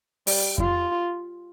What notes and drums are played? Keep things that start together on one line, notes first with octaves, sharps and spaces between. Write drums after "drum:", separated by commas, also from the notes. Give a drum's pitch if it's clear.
G3, drum: open hi-hat
F4, drum: kick F2